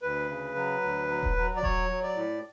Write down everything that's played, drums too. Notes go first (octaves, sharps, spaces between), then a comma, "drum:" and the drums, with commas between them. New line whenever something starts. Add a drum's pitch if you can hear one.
D2 B4
C#3
F#3
D2
F#3
drum: kick D#1
F#3
D5
F#3 C#5, drum: kick D#1
F#3
D5
A2